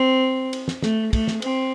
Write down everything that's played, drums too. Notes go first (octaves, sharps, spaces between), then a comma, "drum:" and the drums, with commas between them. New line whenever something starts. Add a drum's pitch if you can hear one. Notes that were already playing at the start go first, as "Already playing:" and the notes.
Already playing: C4
drum: cymbal
drum: snare
A3, drum: snare
A3, drum: kick, cymbal
drum: snare
C4, drum: cymbal